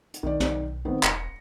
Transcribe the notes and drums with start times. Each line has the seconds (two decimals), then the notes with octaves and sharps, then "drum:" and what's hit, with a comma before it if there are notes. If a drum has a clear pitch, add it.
0.14 drum: hi-hat
0.23 B1 D#3 D5
0.40 B1, drum: snare
0.85 D#3 B3 C4
1.03 E1 A#6 C#7, drum: clap